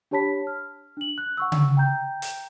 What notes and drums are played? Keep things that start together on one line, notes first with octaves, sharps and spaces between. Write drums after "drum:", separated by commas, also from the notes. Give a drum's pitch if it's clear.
D4 G4 C#5 A5 B5 B6
F6
D4 F#7
F#6
F#5 C#6 E6
drum: tom C#3
G5 A#5 G6
drum: hi-hat